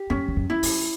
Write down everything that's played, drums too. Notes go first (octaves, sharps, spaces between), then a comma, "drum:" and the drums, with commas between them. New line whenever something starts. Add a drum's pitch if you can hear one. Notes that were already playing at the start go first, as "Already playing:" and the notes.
Already playing: G4
F#2 C#4
E2
F#2
E4
G2, drum: open hi-hat